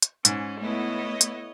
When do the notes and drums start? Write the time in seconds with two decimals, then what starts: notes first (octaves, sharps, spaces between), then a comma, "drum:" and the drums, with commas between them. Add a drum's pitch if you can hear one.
0.02 drum: hi-hat
0.25 G#2 C#4, drum: hi-hat
0.61 A3 B3 E4 C#5 D#5
1.21 drum: hi-hat